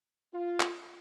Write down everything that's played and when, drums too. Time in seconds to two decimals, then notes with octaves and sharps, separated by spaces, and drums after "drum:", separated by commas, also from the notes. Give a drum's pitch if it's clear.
0.33 F4
0.60 drum: clap